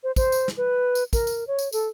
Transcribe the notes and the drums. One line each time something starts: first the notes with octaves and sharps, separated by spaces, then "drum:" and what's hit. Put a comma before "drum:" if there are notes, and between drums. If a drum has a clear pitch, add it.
C5
C5, drum: kick, tambourine
drum: tambourine
drum: snare
B4
drum: tambourine
A#4, drum: kick, tambourine
drum: tambourine
C#5
drum: tambourine
A4, drum: tambourine